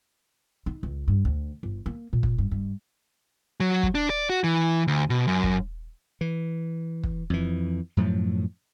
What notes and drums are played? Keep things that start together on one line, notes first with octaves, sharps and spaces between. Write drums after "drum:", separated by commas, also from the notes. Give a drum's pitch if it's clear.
D#4
C#2
G2
D2
G1
A#3
A#2
drum: kick
G2
G2
F#3
drum: kick
D4
D5
F#4
E3
D2
B2
F#2
drum: kick
E3
drum: kick
F2 E3
F#2 A2 F3 F#3